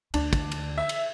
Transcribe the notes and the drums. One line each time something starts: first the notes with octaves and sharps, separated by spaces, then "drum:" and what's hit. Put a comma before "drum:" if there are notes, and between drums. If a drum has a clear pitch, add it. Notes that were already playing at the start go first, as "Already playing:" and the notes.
D2 D4, drum: cymbal
drum: kick, cymbal
drum: cymbal
E5
drum: cymbal